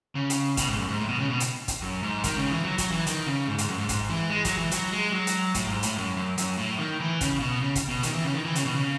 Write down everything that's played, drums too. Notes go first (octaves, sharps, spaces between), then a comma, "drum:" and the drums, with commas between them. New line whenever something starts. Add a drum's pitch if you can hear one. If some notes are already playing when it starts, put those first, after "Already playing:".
C#3
drum: hi-hat
B2, drum: kick, hi-hat
G#2
F#2
G#2
A2
B2
C#3
B2
drum: hi-hat
drum: kick, hi-hat
F#2
G#2
D#3, drum: kick, hi-hat
C#3
E3
F#3
F#3, drum: kick, hi-hat
E3
D#3, drum: hi-hat
C#3
G#2
G#2, drum: hi-hat
F#2
G#2
G#2, drum: kick, hi-hat
E3
G#3
F#3, drum: kick, hi-hat
E3
F#3, drum: hi-hat
G#3
F#3
drum: hi-hat
A2, drum: kick, hi-hat
G#2
A2, drum: hi-hat
F#2
F#2
F#2, drum: hi-hat
A2
D#3
E3
C#3, drum: kick, hi-hat
B2
C#3
drum: kick, hi-hat
B2
D#3, drum: hi-hat
E3
C#3
D#3
E3
C#3, drum: hi-hat
B2
C#3